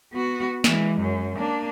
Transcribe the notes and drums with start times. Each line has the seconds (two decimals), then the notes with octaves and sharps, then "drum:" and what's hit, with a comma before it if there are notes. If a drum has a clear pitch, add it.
0.13 B3 F#4
0.64 E3 G#3, drum: snare
1.01 F#2
1.37 A#3 D4